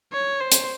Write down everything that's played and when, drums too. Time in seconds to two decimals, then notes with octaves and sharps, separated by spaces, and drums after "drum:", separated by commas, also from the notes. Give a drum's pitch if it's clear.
0.12 C#5
0.41 C5
0.52 drum: hi-hat